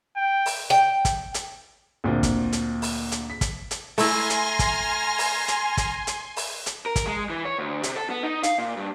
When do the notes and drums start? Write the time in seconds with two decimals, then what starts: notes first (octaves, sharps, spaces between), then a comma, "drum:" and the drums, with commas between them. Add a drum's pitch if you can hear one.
0.16 G5
0.46 drum: open hi-hat
0.70 G5
1.05 drum: kick, hi-hat
1.34 drum: hi-hat
2.04 D2 A#2 C4
2.23 drum: kick, hi-hat
2.52 drum: hi-hat
2.82 drum: open hi-hat
3.12 drum: hi-hat
3.30 B6
3.41 drum: kick, hi-hat
3.71 drum: hi-hat
3.98 A3 E4 G#5 A#5 C6 F6, drum: open hi-hat
4.30 drum: hi-hat
4.59 drum: kick, hi-hat
5.18 drum: open hi-hat
5.48 drum: hi-hat
5.77 drum: kick, hi-hat
6.07 drum: hi-hat
6.37 drum: open hi-hat
6.66 drum: hi-hat
6.86 A#4
6.96 drum: kick, hi-hat
7.06 G#3
7.30 E3
7.45 C#5
7.58 D2
7.83 C3, drum: hi-hat
7.96 A4
8.10 B3
8.23 D#4
8.43 F5, drum: hi-hat
8.58 A#2
8.77 G2